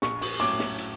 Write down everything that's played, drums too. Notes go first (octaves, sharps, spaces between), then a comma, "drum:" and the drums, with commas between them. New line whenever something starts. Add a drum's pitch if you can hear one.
A#1 C#6, drum: snare
C#6, drum: open hi-hat
A2 F#3 A3 C#4 D6, drum: hi-hat
drum: snare
drum: hi-hat